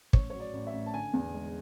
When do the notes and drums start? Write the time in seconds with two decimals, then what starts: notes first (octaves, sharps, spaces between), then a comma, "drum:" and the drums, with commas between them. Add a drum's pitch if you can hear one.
0.13 A1 C#5, drum: kick
0.30 F#3 C#5
0.40 D5
0.53 A1
0.67 E5
0.73 A1
0.86 A5
0.93 D3 G#5
1.13 E2
1.33 G#3